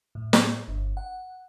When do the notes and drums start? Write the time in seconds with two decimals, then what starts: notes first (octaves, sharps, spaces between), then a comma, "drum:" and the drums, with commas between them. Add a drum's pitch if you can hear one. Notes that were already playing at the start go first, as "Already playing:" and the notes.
0.15 A2
0.33 drum: snare
0.68 G1
0.97 F#5